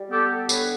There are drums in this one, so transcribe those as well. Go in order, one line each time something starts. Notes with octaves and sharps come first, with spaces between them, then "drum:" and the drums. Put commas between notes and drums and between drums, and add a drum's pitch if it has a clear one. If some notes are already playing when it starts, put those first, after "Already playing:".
Already playing: G3
B3 G4 A4
D3 B4 C#5, drum: tambourine